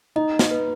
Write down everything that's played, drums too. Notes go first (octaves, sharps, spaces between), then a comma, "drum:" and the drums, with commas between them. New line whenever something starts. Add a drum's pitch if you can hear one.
D#4 D#5
drum: snare
B4